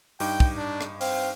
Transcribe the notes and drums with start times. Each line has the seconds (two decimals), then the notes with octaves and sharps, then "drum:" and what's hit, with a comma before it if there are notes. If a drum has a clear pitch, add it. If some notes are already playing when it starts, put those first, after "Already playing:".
0.20 G2 D#4 G5 D6, drum: open hi-hat
0.40 drum: kick
0.57 D4
0.81 drum: rim click
1.01 C4 F5, drum: open hi-hat